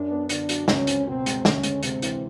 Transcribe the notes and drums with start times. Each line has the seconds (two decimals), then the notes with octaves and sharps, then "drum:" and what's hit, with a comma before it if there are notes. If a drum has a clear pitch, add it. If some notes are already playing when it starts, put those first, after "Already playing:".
Already playing: F#2 D4
0.10 B3
0.29 D3 D4, drum: hi-hat
0.49 F#3, drum: hi-hat
0.68 C#2 C#4, drum: snare
0.87 C4, drum: hi-hat
1.07 B2 C4
1.26 G#3, drum: hi-hat
1.45 D2 C#4, drum: snare
1.63 G#3, drum: hi-hat
1.83 C3 C4, drum: hi-hat
2.02 E3, drum: hi-hat